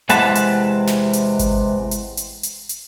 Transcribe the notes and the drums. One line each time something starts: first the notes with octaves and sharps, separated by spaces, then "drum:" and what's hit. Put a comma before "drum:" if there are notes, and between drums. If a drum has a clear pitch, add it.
E2 C3 G#3 F#5 A5 B5, drum: hi-hat
drum: hi-hat
drum: snare
drum: hi-hat
drum: kick G#1, hi-hat
drum: hi-hat
drum: hi-hat
drum: hi-hat
drum: hi-hat